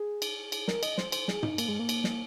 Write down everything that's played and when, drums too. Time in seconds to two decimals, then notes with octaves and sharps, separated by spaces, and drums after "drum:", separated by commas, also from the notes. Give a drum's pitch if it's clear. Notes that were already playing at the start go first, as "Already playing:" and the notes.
Already playing: G#4
0.22 drum: cymbal
0.52 drum: cymbal
0.68 A#4, drum: snare
0.83 D#5, drum: cymbal
0.98 C5, drum: snare
1.12 C5, drum: cymbal
1.28 G#4, drum: snare
1.43 D#4, drum: tom
1.58 A#3, drum: cymbal
1.68 G#3
1.79 A#3
1.89 drum: cymbal
2.04 drum: snare